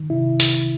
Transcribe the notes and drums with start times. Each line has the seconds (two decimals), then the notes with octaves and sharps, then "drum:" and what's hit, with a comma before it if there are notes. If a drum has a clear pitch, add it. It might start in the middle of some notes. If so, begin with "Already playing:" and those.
Already playing: D#3
0.10 C3 E4
0.40 C2, drum: hi-hat